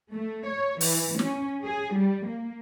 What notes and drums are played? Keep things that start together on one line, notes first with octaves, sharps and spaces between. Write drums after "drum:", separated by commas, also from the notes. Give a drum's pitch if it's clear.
A3
C#5
E3, drum: open hi-hat
C#4, drum: snare
G#4
G3
A#3